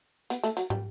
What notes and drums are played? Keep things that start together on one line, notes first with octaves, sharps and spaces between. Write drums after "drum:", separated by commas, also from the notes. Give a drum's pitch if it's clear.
B3, drum: hi-hat
A3, drum: hi-hat
F#3, drum: hi-hat
G3, drum: tom